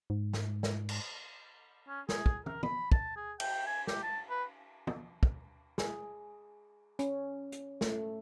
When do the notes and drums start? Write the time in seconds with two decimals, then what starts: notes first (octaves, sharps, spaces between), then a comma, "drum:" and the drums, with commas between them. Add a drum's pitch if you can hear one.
0.10 G#2
0.33 drum: snare
0.63 drum: snare
0.89 drum: cymbal
1.88 C#4
2.09 G#4, drum: snare
2.26 drum: kick
2.46 A#4, drum: tom
2.63 B5, drum: tom
2.92 A5, drum: kick
3.16 G#4
3.40 G5, drum: cymbal
3.67 G#5
3.87 G4, drum: snare
4.03 A5
4.30 B4
4.87 drum: tom
5.23 drum: kick
5.78 G#4, drum: snare
6.99 C#4, drum: hi-hat
7.52 drum: hi-hat
7.81 A3, drum: snare